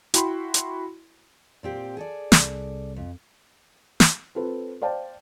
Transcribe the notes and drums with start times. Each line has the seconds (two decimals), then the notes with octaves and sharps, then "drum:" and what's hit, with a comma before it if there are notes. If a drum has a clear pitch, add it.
0.14 E4 F#4 G5 B5 C6, drum: hi-hat
0.54 drum: hi-hat
1.63 A#2 C4 G4
1.97 G#4 A4 D5
2.32 C2, drum: snare
2.96 F2
4.00 drum: snare
4.35 C4 F4 A4 B4
4.82 C5 D5 F5 G5 A5